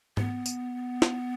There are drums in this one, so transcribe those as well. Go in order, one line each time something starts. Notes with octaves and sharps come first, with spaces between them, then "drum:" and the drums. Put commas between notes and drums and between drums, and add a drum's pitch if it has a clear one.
B3, drum: tom G#2
drum: tambourine
drum: snare